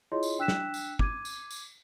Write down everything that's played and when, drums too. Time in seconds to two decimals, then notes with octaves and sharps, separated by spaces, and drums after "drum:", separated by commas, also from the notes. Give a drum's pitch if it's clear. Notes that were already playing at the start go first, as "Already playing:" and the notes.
0.12 E4 F4 G#4 C#5 D#5 C6
0.23 drum: tambourine
0.38 D4 G5 E6 F#6 B6 E7
0.48 drum: snare
0.74 drum: tambourine
0.99 D6 G#6 D#7, drum: kick
1.25 drum: tambourine
1.51 drum: tambourine